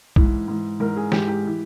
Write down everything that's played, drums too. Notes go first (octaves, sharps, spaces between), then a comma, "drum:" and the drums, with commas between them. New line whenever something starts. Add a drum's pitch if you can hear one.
G#2 E3, drum: kick B1
G#2 E3
G#2 E3 A#4
G#4
G#2 E3 G4, drum: snare
G4
E3